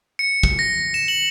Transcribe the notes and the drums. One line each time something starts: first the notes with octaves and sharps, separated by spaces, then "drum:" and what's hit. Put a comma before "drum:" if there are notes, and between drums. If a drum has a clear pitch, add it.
C#7
drum: kick
A#6
E7
F#7